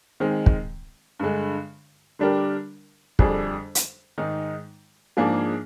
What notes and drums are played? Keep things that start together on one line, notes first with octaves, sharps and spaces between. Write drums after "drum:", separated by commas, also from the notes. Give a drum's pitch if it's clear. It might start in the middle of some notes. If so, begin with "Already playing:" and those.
D#3 G#3 C4
drum: kick
G2 D3 G#3
D3 G3 D4 G4 A#4
F2 D3 G3 D4 G#4, drum: kick
drum: hi-hat
G#2 D#3 G#3 D#4
G#2 F3 A#3 D4 G#4